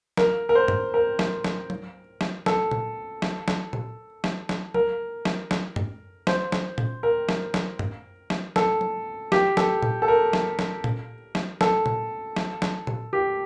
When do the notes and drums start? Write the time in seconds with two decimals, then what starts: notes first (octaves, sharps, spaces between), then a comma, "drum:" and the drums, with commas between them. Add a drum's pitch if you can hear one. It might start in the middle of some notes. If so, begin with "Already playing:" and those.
0.17 A#4, drum: snare
0.49 A#4
0.55 C5
0.68 drum: tom F#2
0.94 A#4
1.19 drum: snare
1.44 drum: snare
1.70 drum: tom F#3
2.21 drum: snare
2.46 A4, drum: snare
2.71 drum: tom A#2
3.22 drum: snare
3.48 drum: snare
3.73 drum: tom A#2
4.24 drum: snare
4.49 drum: snare
4.74 A#4, drum: tom F#3
5.25 drum: snare
5.51 drum: snare
5.76 drum: tom F#2
6.27 C5, drum: snare
6.52 drum: snare
6.78 drum: tom A#2
7.03 A#4
7.29 drum: snare
7.54 drum: snare
7.79 drum: tom F#2
8.30 drum: snare
8.56 A4, drum: snare
8.81 drum: tom F#3
9.32 G4, drum: snare
9.57 A4, drum: snare
9.83 drum: tom A#2
10.02 A4
10.08 A#4
10.33 drum: snare
10.59 drum: snare
10.84 drum: tom A#2
11.35 drum: snare
11.61 A4, drum: snare
11.86 drum: tom A#2
12.36 drum: snare
12.62 drum: snare
12.87 drum: tom A#2
13.13 G4